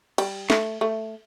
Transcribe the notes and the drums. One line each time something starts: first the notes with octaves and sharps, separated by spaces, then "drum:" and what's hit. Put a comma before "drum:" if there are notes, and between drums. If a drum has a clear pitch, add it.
G3, drum: cymbal
A3, drum: snare
A3